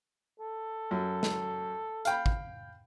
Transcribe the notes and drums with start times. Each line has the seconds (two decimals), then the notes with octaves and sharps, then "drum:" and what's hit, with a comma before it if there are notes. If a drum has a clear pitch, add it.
0.40 A4
0.91 F#2
1.23 drum: snare
2.05 F5 G5 B5, drum: hi-hat
2.26 drum: kick